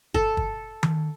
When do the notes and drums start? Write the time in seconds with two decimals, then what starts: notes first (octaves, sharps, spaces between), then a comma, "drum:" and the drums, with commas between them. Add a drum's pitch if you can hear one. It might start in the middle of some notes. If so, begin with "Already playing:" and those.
0.14 A4, drum: kick
0.37 drum: kick
0.83 drum: tom D#3